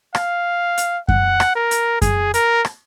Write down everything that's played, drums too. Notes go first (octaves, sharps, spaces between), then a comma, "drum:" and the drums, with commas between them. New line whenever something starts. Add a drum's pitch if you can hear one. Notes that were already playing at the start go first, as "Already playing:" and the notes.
F5, drum: rim click
drum: hi-hat
F#5, drum: kick F#2
drum: rim click
A#4
drum: hi-hat
G#4, drum: kick F#2, hi-hat
A#4, drum: hi-hat
drum: rim click